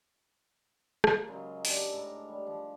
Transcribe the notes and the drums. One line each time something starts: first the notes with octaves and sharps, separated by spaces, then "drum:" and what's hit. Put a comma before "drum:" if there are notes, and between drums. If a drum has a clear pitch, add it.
F4 A#4, drum: rim click
C#3 F#3 G#3 D#5
D4 G4 A4, drum: open hi-hat
A2 G#3 A#5
G3
F3